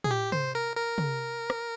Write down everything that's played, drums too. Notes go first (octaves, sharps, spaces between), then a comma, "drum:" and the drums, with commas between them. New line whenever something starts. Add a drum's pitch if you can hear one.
G#4, drum: tom
G4
C5, drum: tom
A#4
A#4
drum: tom
drum: rim click